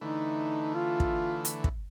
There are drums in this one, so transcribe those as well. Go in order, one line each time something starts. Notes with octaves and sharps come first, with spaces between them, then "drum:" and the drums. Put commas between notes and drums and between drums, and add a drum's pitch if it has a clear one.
D3 E3 A3 D#4
F4
drum: kick
drum: hi-hat
drum: kick